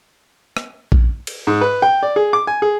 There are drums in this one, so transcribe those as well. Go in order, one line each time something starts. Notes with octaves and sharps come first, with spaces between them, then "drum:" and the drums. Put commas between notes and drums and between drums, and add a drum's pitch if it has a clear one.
drum: rim click
drum: kick A#1
drum: cymbal
G#2
B4
G5
D5
G#4
D6
G#5
G#4